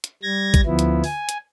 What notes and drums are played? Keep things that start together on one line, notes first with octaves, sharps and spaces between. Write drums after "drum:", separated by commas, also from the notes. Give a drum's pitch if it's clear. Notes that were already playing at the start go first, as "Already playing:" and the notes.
drum: hi-hat
G3 G#6 A#6
drum: kick A1, hi-hat
D2 F3 B3 E4
drum: hi-hat
G#5, drum: open hi-hat
drum: hi-hat